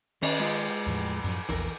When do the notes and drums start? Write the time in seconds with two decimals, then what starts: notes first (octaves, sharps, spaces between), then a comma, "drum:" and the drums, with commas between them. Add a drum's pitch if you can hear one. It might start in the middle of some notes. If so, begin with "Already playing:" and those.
0.22 D#3 C#4, drum: cymbal
0.39 G#3 F4 G#4
0.86 E2 A2 F3
1.24 F#2 A2 F3, drum: open hi-hat
1.49 A#1 E2 E3 A#4, drum: open hi-hat